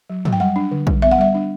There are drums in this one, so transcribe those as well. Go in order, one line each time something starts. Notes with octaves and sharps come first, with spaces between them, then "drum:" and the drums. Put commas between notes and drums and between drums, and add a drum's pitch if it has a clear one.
F#3
F#3, drum: tom
G5
G3 F#5
D4
D3
G3, drum: kick A#1
B3 E5
F#5
G3 E5
D4